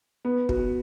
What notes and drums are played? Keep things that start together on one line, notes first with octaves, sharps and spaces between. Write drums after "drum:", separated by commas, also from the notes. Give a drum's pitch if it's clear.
B3
F#4, drum: kick